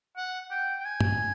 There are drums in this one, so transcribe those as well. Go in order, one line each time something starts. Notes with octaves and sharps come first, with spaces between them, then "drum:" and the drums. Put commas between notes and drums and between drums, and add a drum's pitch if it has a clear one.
F#5
G5
G5
G#5
drum: tom G2